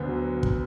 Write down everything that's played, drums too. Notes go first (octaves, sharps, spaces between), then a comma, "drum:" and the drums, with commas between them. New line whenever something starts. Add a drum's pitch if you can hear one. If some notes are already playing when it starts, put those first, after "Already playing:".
Already playing: D2 D3 B3
F#3
drum: kick